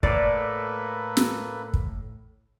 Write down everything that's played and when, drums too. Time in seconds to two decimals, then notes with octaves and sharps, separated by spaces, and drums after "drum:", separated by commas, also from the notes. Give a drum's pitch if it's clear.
0.03 A2 A#3 A4 B4 D5, drum: kick
1.17 drum: snare
1.74 drum: kick